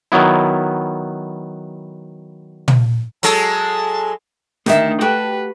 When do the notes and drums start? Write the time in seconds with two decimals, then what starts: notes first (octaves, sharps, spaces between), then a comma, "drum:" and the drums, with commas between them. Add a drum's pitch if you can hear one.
0.12 D#3 F#3 B3 E4
2.68 drum: tom
3.23 F#3 G#3 A4 A5, drum: hi-hat
4.66 D2 D#3 F#4 E5, drum: snare
5.01 F#4 G4 A4 B4